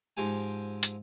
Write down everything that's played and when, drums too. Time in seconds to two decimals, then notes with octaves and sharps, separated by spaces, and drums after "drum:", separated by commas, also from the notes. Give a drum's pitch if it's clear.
0.17 G#2 F3 C4 G4 G#5
0.83 drum: hi-hat